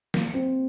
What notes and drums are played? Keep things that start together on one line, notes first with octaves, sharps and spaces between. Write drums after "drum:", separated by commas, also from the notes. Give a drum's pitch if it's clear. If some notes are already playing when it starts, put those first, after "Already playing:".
A#3, drum: snare
C4